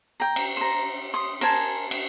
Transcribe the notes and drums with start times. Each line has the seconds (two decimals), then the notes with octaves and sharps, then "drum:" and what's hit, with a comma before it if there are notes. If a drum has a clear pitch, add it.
0.20 G5 A#5
0.36 drum: cymbal
0.57 C5 A#5
1.14 C6 D#6
1.41 A#4 C5 G#5 A5, drum: cymbal
1.91 drum: cymbal